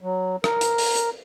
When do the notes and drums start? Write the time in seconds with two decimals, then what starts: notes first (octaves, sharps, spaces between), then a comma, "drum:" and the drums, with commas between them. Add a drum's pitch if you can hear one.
0.01 F#3
0.44 A#4, drum: rim click
0.61 drum: hi-hat
0.78 drum: open hi-hat
0.95 drum: hi-hat